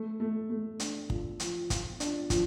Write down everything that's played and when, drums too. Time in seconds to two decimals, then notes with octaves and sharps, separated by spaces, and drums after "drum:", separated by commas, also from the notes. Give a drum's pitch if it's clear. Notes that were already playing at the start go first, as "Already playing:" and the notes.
Already playing: A3
0.20 A3
0.50 A3
0.80 D4, drum: hi-hat
1.10 F4, drum: kick
1.40 F3, drum: hi-hat
1.70 F4, drum: kick, hi-hat
2.00 D4, drum: hi-hat
2.30 F3, drum: kick, hi-hat